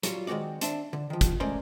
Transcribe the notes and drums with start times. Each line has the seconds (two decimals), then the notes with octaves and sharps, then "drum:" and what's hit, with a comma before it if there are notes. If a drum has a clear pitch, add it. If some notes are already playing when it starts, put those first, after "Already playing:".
0.03 F#3 G3 F4 C#5, drum: hi-hat
0.27 D#3 G#3 C4 F#4 D5
0.61 C4 D4 E5, drum: hi-hat
0.93 D3
1.10 D#3 F3
1.21 drum: kick, hi-hat
1.40 G#3 A3 C#4 A#4 C5 D5